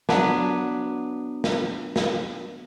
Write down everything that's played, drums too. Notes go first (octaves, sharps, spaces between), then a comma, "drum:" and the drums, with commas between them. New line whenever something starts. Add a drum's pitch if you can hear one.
F#3 B3 D4, drum: snare
drum: snare
drum: snare